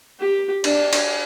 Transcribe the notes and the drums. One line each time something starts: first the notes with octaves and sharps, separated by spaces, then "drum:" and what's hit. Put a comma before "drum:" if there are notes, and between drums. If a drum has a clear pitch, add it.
G4
D4, drum: cymbal
drum: cymbal